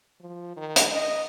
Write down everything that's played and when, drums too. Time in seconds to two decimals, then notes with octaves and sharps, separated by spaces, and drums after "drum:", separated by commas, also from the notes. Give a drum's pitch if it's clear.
0.21 F3
0.57 D#3
0.76 drum: hi-hat
0.92 D#5